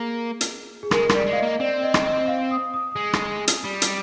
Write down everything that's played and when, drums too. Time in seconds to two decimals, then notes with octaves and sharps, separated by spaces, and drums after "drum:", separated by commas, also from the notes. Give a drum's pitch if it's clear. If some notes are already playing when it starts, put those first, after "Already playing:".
Already playing: A#3 G#4
0.41 drum: hi-hat
0.83 G#4
0.91 G#3 A#4, drum: rim click
1.09 G3, drum: rim click
1.15 D5
1.26 G#3
1.33 F5
1.38 A#3 D#5
1.60 C4 D5
1.83 D#5
1.94 drum: rim click
2.05 D#5
2.28 F5
2.51 D#6
2.74 D#6
2.92 G#3 D#6
3.13 drum: rim click
3.48 drum: hi-hat
3.64 G3
3.82 drum: hi-hat